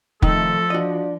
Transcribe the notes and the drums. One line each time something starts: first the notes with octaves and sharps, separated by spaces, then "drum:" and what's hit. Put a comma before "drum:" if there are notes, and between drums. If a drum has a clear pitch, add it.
C2 F2 D#3 F3 A3 D#4 A4, drum: kick
D4 F4 F#4 D5 D#5